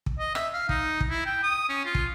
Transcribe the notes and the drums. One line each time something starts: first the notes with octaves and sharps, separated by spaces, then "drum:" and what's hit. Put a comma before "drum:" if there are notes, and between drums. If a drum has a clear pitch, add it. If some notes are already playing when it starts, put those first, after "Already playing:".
drum: kick
D#5
E5, drum: rim click
F5
D#4, drum: kick
drum: kick
E4
G5
D#6
C#4
F4
drum: kick